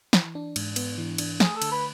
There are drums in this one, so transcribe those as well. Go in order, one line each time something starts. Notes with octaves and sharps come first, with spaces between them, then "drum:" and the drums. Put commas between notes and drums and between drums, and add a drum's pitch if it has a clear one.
E3, drum: snare
D4
G#2, drum: cymbal
B3, drum: cymbal
E3
D4, drum: cymbal
A3 G#4, drum: snare
A4
D3, drum: cymbal
B4